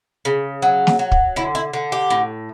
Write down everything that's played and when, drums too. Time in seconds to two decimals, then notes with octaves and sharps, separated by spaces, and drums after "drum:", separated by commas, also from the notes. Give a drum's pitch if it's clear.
0.25 C#3
0.62 F#3
0.87 drum: snare
0.99 F#3
1.12 drum: kick
1.36 D3 E4
1.55 E4
1.73 D3
1.92 G4
2.10 A2